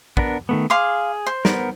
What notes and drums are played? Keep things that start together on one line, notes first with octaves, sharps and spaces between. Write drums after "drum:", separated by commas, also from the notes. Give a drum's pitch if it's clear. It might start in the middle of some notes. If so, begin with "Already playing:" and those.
B3 D4 A#4, drum: kick
D#3 A3 B3
G#4 F5 C6 D6
C5
B3 A#4, drum: snare